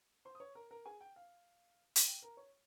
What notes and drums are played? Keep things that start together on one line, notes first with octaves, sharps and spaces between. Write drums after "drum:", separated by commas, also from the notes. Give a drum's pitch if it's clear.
C5 C6
D#6
C#5 C#6
A#4 A#5
A#4 A#5
G#4 G#5
G5
F5
drum: hi-hat
G5
A#4 A#5
C#5 C#6